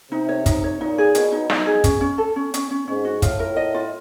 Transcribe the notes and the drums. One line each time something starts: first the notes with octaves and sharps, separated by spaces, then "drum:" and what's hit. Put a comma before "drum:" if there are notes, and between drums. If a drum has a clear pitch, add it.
C3 D#4
C#5
D#4, drum: kick, hi-hat
C#5
A#2 D#4
G#4
B2 C#5, drum: hi-hat
D#4
B2 D#4, drum: snare
G#4
C#4, drum: kick, hi-hat
C#4
A4
C#4
C#4, drum: hi-hat
C#4
G#2 C#4
F#4
A2 F4, drum: kick, hi-hat
A#4
D#5
F4